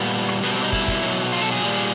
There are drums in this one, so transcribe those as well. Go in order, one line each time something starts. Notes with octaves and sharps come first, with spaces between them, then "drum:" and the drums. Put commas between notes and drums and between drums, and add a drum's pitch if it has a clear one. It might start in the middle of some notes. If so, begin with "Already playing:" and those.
Already playing: A#2 G3 B3
drum: rim click
B2 G3 B3
C4
D#4
E4, drum: kick
drum: kick
B2 F#3
F4
A4
G#4
A#2 G3